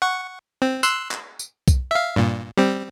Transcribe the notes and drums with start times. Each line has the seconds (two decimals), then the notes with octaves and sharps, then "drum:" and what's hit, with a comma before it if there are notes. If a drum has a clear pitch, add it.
0.02 F#5 C#6
0.62 C4
0.83 C6 E6 F#6, drum: tambourine
1.11 drum: clap
1.39 drum: tambourine
1.68 drum: kick B1, tambourine
1.91 E5 F5
2.16 G2 A#2
2.57 G3 C4